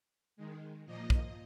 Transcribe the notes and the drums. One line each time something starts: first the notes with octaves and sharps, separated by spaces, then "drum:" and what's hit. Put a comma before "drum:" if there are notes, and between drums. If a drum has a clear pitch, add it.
D#3 G#3
A#2 F3 A#3 D#5
drum: kick